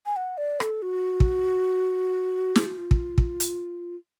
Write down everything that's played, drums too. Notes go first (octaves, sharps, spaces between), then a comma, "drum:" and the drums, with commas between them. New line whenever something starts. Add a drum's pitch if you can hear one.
G#5
F#5
D5
A4, drum: rim click
F#4
drum: kick
G#4, drum: snare
F#4
F4
drum: kick
drum: kick
drum: hi-hat